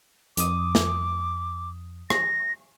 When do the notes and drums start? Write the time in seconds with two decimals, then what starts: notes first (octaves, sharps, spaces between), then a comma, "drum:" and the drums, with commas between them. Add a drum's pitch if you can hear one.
0.37 F2 D6 D#6, drum: hi-hat
0.75 drum: snare
2.10 A#6, drum: rim click